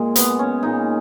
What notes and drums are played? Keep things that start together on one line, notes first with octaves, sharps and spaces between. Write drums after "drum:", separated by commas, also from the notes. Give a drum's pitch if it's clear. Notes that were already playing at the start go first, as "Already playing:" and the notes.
Already playing: A#2 G#3
B3, drum: hi-hat
C#4
A#2 G#3 D#4